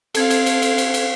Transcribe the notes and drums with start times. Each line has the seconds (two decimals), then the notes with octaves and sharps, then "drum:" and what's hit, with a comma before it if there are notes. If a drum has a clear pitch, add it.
0.15 C4 A4 F5 G#6, drum: cymbal
0.30 drum: cymbal
0.46 drum: cymbal
0.62 drum: cymbal
0.78 drum: cymbal
0.94 drum: cymbal